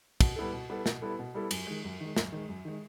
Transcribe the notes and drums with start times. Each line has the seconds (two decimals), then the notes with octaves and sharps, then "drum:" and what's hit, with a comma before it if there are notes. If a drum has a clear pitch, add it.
0.21 B2, drum: kick, cymbal
0.36 G3 B3 E4 A4
0.53 B2
0.69 G3 B3 E4 A4
0.86 B2, drum: snare
1.02 G3 B3 E4 A4
1.19 B2
1.34 G3 B3 E4 A4
1.51 F#2, drum: cymbal
1.67 D#3 G#3
1.84 F#2
2.00 D#3 G#3
2.17 F#2, drum: snare
2.32 D#3 G#3
2.49 F#2
2.65 D#3 G#3